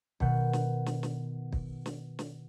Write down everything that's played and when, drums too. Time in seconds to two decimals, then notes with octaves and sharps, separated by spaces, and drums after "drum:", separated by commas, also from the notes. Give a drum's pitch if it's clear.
0.20 B2 D#3 F#5 G6, drum: kick
0.53 drum: snare
0.86 drum: snare
1.03 drum: snare
1.53 drum: kick
1.86 drum: snare
2.19 drum: snare